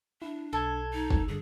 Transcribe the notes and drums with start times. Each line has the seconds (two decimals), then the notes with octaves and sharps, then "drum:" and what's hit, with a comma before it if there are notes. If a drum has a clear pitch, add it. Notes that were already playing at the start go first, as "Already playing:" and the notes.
0.22 D4 E4
0.53 B1 A4 A5 G#6
0.93 D#4
1.10 drum: kick
1.28 G2 D3 G#4